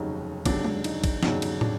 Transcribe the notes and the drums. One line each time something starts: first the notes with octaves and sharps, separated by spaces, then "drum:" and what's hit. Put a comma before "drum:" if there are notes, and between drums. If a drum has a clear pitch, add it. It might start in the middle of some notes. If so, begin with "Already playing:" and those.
Already playing: F1 D#2 C#3 F#3 D#4
F1 D#2 C#3 F#3 D4, drum: kick, cymbal
D4, drum: tom G#3
D#4, drum: cymbal
drum: kick, cymbal
F1 D#2 C#3 F#3 D#4, drum: snare
drum: cymbal
D4, drum: tom